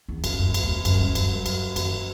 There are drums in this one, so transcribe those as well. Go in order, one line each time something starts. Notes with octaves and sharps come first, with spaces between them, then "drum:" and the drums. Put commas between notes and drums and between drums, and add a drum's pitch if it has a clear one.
E2
F2, drum: cymbal
F#2
F2, drum: cymbal
F#2
F2
F#2, drum: cymbal
G2
F#2, drum: cymbal
drum: cymbal
F#2, drum: cymbal